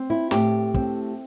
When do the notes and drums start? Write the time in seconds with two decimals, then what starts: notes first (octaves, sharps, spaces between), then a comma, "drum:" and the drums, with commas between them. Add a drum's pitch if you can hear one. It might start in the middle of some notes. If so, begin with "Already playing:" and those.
Already playing: C4
0.10 E4
0.31 A2 G4, drum: snare
0.74 C4, drum: kick